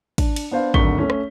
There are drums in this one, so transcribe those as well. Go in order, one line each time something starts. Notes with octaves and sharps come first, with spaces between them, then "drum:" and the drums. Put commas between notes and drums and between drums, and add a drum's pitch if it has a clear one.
D4, drum: kick, cymbal
drum: cymbal
B3 D4 C5 F5
G#1 D2 F#3 C#6 B6 G7, drum: kick
A3 C#4
drum: rim click